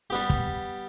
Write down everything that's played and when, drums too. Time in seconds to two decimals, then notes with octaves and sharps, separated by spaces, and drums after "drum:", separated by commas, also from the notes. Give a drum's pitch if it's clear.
0.10 G3 B3 G4
0.30 drum: kick